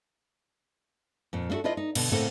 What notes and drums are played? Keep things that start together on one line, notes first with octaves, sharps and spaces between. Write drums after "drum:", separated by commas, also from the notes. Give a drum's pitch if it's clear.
F2 A#2
A#3 D4 E4 F#4 A4
D4 E4 F4 B4 D5 D#5
D#4
B2 D3, drum: cymbal
A2 C#3 A#3 C4 A4 F#5